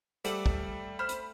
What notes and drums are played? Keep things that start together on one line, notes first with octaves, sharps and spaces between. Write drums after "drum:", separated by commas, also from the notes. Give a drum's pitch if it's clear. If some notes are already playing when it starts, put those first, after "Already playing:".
G3 A3 C4 D5 F#5, drum: hi-hat
drum: kick
C5 B5 E6 F6
drum: hi-hat